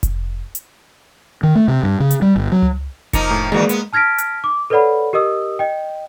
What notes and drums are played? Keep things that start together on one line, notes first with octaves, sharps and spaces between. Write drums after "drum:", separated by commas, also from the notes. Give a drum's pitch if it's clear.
drum: kick F1, hi-hat
drum: hi-hat
D#3
A3
C3
G2
C#3
drum: hi-hat
G3
G1
F#3
drum: tom C#2
F3 A#3 D#4 C#7, drum: kick F1, hi-hat
A2
E2 D#3 G#3 A#3 F#4
B3, drum: hi-hat
A5 F6 G#6 A#6 B6 D7
drum: hi-hat
D6
A4 B4 C#5 D5 F#5 B5
G4 A#4 D#5 D#6 E6
D#5 G5